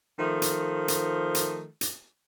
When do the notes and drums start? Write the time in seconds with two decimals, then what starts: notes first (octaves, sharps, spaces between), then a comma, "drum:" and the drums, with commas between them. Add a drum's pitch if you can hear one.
0.19 D#3 F3 A3
0.42 drum: hi-hat
0.88 drum: hi-hat
1.35 drum: hi-hat
1.81 drum: hi-hat